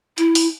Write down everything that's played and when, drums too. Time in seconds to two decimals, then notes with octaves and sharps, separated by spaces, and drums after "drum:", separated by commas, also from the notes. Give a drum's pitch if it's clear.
0.18 E4, drum: hi-hat
0.35 drum: open hi-hat